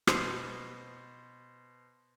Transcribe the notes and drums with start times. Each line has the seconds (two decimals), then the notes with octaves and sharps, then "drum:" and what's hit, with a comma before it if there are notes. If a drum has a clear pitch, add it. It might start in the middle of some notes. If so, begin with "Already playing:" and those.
0.07 B2 C5, drum: rim click